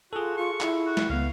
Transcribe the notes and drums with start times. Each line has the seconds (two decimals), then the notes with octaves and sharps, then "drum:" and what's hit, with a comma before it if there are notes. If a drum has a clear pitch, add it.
0.13 F4 F#4 G#4 A4
0.37 F4 C#6
0.61 E4, drum: clap
0.87 F#4
0.97 drum: snare
1.10 C#2 B3 F5